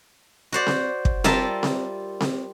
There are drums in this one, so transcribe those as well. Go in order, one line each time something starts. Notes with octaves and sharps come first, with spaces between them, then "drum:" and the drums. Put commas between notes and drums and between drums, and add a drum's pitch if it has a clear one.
F#4 C5 D5
drum: snare C4
drum: kick
G3 F4 A#4 E5 A5, drum: snare C4
drum: snare C4
drum: snare C4